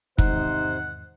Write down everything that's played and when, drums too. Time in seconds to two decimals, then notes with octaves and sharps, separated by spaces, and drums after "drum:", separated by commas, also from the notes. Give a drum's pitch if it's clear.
0.18 E2 G#2 C3 D#3 D#4 C5 F#5, drum: kick